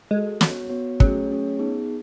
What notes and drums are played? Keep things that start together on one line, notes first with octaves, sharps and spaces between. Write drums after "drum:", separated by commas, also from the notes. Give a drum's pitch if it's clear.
G#3 F#4 A4 D#5
B3 F#4 C#5, drum: snare
B3 F#4 C#5
F#3 A3 C#4 G#4 C#5, drum: kick
A3 C#4 G#4 C#5
B3 D#4 G#4